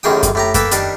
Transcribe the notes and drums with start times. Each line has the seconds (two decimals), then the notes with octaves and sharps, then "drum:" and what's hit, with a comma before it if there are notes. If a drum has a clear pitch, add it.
0.03 A1 F#2 D#3 G#4 G5 D#6
0.23 drum: kick F#2, hi-hat
0.35 A2 G4 A#5
0.54 A#3 A4 B4 G5, drum: kick F#2, hi-hat
0.72 D#3 G3 D4, drum: hi-hat